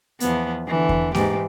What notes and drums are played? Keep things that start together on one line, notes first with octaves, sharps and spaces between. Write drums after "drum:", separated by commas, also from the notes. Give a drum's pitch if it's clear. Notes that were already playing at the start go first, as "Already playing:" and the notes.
E2 F3 B3, drum: hi-hat
D3 E3
drum: kick E2
G#2 E3 G4, drum: snare A#3